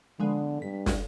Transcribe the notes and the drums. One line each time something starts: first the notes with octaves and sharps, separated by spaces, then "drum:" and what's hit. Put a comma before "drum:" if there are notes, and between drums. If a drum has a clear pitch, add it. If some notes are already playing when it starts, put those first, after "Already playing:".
D3 F3 G#3 B3
G2 B6
drum: snare